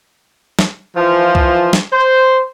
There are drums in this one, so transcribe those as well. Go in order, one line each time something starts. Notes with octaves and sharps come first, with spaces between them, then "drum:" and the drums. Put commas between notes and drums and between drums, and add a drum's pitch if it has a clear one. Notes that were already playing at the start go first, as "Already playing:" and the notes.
drum: snare
E3 F3
drum: kick C2
drum: snare
C5